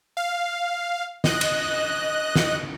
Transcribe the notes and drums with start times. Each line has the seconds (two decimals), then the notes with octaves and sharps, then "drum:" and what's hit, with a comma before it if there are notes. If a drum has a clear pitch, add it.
0.17 F5
1.24 D#5 F#6, drum: snare
1.41 drum: cymbal
2.36 drum: snare